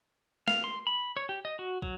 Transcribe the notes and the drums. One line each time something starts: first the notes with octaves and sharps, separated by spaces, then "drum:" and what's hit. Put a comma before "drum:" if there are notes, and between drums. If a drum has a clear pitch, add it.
F5, drum: snare
C6
B5
C#5
G4
D#5
F#4
F#3, drum: kick